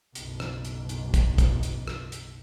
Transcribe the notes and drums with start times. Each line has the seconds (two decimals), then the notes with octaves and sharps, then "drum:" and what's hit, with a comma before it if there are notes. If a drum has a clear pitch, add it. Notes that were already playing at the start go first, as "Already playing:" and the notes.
0.15 F#1 B1, drum: hi-hat
0.40 drum: rim click
0.65 drum: hi-hat
0.89 drum: hi-hat
1.14 drum: kick, hi-hat
1.38 drum: kick, hi-hat
1.63 drum: hi-hat
1.88 drum: rim click
2.12 drum: hi-hat